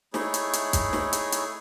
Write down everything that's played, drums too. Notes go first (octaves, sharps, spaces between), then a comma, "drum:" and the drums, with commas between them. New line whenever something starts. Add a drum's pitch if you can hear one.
A3 D#4 E4 G#4 C#5, drum: snare
drum: hi-hat
drum: hi-hat
drum: kick, hi-hat
drum: snare
drum: hi-hat
drum: hi-hat